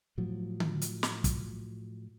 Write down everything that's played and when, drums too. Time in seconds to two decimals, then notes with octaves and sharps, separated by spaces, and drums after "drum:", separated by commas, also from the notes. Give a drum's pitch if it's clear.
0.18 A2 F3 F#3
0.60 drum: tom D3
0.82 drum: hi-hat
1.03 drum: snare
1.24 drum: kick, hi-hat